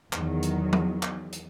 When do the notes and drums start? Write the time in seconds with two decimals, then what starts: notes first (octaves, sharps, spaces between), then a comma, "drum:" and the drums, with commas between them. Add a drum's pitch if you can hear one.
0.13 E2 D#3 F#3, drum: clap
0.43 drum: hi-hat
0.73 drum: tom F3
1.03 drum: clap
1.33 drum: hi-hat